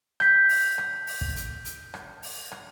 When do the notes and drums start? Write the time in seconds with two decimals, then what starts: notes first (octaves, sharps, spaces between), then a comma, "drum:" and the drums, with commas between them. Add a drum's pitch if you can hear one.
0.20 G6 B6, drum: rim click
0.49 drum: open hi-hat
0.78 drum: rim click
1.07 drum: open hi-hat
1.21 drum: kick
1.36 drum: hi-hat
1.65 drum: hi-hat
1.94 drum: rim click
2.23 drum: open hi-hat
2.52 drum: rim click